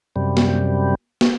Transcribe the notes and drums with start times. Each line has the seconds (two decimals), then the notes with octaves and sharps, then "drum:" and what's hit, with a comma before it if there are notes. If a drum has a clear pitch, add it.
0.16 F#2 C3 G3
0.37 drum: snare
1.21 drum: snare